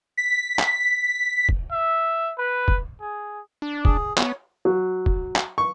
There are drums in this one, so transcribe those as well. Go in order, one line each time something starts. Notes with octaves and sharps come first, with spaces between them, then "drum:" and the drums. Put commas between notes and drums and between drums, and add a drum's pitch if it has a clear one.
B6
drum: clap
drum: kick
E5
B4
drum: kick
G#4
D4
G#4, drum: kick
B3 C#5, drum: clap
F#3
drum: kick
drum: clap
C#6